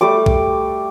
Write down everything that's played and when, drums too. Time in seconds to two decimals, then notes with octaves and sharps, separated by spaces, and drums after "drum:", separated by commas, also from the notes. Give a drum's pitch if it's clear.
0.01 G3 A3 D6
0.26 drum: kick B1